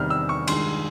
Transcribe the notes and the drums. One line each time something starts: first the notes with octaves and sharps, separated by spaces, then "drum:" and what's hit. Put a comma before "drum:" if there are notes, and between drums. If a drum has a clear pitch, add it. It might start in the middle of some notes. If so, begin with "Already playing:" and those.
Already playing: E2 C3 D#3 G3 F6
E6
C#6
G2 D#3 G#3 C6, drum: cymbal